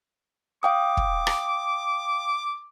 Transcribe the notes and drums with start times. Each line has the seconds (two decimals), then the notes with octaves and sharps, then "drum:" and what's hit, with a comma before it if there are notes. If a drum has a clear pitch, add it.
0.63 F5 G5 D6 D#6
0.97 drum: kick
1.27 drum: rim click